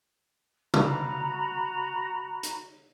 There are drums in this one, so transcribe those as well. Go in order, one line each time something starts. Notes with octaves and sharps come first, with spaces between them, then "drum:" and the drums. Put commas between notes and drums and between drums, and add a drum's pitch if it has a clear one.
F#4 A#5 B5, drum: tom C3
drum: hi-hat